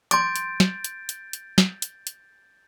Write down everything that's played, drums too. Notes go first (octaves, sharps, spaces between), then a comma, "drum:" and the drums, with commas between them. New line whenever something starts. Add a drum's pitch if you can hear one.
C6 D6 G6 A6 D7, drum: hi-hat
drum: hi-hat
drum: snare
drum: hi-hat
drum: hi-hat
drum: hi-hat
drum: snare
drum: hi-hat
drum: hi-hat